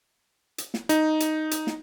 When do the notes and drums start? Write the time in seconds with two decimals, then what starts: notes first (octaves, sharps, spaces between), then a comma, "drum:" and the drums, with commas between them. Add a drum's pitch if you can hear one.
0.58 drum: hi-hat
0.74 drum: snare
0.89 D#4, drum: hi-hat
1.20 drum: hi-hat
1.51 drum: hi-hat
1.67 drum: snare